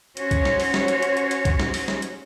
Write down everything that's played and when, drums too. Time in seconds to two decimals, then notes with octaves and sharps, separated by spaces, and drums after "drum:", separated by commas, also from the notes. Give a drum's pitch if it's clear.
0.17 C#4 F#4 C5 C#5, drum: hi-hat
0.31 drum: kick B1, hi-hat
0.45 drum: snare
0.60 drum: open hi-hat
0.74 drum: snare
0.88 drum: hi-hat
1.02 drum: hi-hat
1.17 drum: hi-hat
1.31 drum: hi-hat
1.45 drum: kick B1, hi-hat
1.60 drum: snare
1.74 drum: open hi-hat
1.88 drum: snare
2.02 drum: hi-hat